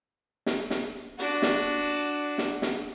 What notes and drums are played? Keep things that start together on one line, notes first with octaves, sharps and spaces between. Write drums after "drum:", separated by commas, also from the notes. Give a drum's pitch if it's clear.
drum: snare
drum: snare
D4 F#4
drum: snare
drum: snare
drum: snare